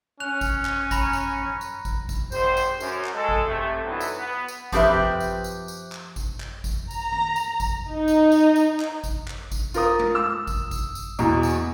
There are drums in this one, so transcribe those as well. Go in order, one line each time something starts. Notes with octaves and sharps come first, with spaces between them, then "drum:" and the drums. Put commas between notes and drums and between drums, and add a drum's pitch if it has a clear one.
C#4 F#6 F7
drum: kick G#1, tambourine
drum: clap
A#5 B5 A#6, drum: kick G#1, tambourine
drum: tambourine
drum: tom G2
drum: tambourine
drum: kick G#1, tambourine
drum: kick G#1, tambourine
G#1 G4 C5, drum: tambourine
drum: tambourine
F#2, drum: tambourine
drum: clap
G#3 A4
drum: kick G#1
C3 A3
B1 D3 E3 F#3 B3
drum: tambourine
B3
drum: tambourine
F3 C4 G4 B4 E5, drum: kick G#1, tambourine
drum: kick G#1
drum: tambourine
drum: tambourine
drum: tambourine
drum: clap
drum: kick G#1, tambourine
drum: clap
drum: kick G#1, tambourine
A#5, drum: tambourine
drum: tom D#3
drum: tambourine
drum: kick G#1, tambourine
D#4
drum: tambourine
drum: tambourine
drum: tambourine
drum: clap
drum: kick G#1, tambourine
drum: clap
drum: kick G#1, tambourine
F4 A#4 D#6, drum: tambourine
drum: tom G#3
E6
drum: kick G#1, tambourine
drum: kick G#1, tambourine
drum: tambourine
E2 B2 A#5, drum: tambourine
drum: tambourine